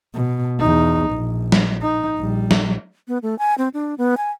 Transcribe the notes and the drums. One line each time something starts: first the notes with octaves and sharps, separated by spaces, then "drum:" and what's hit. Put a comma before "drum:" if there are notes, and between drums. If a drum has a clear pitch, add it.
B2
E2 D#4
A#1
drum: snare
D#4
A#1 G3
drum: snare
B3
A3
G#5
C4
D4
B3
G#5